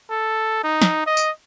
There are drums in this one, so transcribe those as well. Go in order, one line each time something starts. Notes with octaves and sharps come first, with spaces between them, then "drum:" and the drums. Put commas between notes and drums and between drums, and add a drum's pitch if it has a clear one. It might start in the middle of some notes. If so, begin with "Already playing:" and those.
A4
D#4
drum: snare
D#5
drum: tambourine